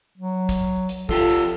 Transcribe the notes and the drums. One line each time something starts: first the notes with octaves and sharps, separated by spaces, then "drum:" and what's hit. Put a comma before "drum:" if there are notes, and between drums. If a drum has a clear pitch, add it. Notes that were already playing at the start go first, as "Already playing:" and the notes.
F#3
drum: kick, hi-hat
drum: hi-hat
F3 F4 G4 A4, drum: kick
drum: hi-hat